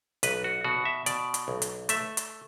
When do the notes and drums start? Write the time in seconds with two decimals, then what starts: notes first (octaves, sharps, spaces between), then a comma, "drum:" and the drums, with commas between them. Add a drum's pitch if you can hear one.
0.23 B1 B4, drum: hi-hat
0.44 F#4
0.64 B2 F#4
0.85 E5
1.06 B2 D5, drum: hi-hat
1.34 drum: hi-hat
1.48 B1
1.62 drum: hi-hat
1.89 A3 E5, drum: hi-hat
2.17 drum: hi-hat